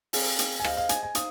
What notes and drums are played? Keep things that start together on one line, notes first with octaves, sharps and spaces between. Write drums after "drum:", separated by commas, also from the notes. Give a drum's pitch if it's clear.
C4 G#4 F5 G#5, drum: open hi-hat
drum: hi-hat
G#5
G#4 C5 D#5 F5, drum: rim click
F5
G#5, drum: hi-hat
G#5
D#4 C5 F5 D#6, drum: hi-hat